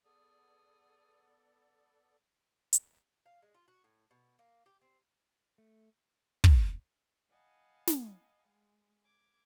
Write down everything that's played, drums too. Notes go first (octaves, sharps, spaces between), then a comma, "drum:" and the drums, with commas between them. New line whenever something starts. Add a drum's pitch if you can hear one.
B3 G#4 A4 D5
drum: hi-hat
F5
G#3
F4
F#4
A2
B2
A#3
G4
C4
A3
drum: kick
D#5 F5 F#5 G#5 A5 B5
drum: snare
G#3
D6 G#6